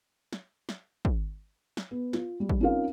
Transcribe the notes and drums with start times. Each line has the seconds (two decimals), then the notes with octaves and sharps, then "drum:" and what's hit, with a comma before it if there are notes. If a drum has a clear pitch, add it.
0.33 drum: snare
0.69 drum: snare
1.05 drum: kick
1.77 drum: snare
1.91 B3
2.13 F4, drum: snare
2.40 G3
2.49 drum: kick
2.60 C4 C#4 D#4 F4 A#4 F5